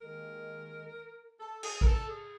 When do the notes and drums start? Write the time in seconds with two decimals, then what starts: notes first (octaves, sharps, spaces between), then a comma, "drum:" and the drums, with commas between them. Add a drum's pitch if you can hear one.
0.01 D#2 D#3 G#3 A#4
1.40 A4
1.63 G#4, drum: cymbal
1.81 A#4, drum: kick
1.86 A4
2.08 G#4